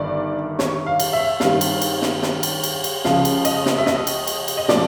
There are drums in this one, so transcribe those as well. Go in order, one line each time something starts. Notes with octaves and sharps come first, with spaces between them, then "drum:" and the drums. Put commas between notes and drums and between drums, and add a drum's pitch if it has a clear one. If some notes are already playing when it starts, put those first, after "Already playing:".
Already playing: G1 G2 D#3 G3 D5
C#5, drum: snare
F5
drum: cymbal
E5
G2 D#3 G3 C4 F5, drum: snare
drum: cymbal
drum: cymbal
drum: snare
drum: snare
drum: cymbal
drum: cymbal
drum: cymbal
C#2 C#3 F3 F5, drum: snare
drum: cymbal
D#5, drum: cymbal
drum: snare
E5
D#5, drum: snare
drum: cymbal
drum: cymbal
drum: cymbal
D#5
A#2 F3 A3 C#4 D5, drum: snare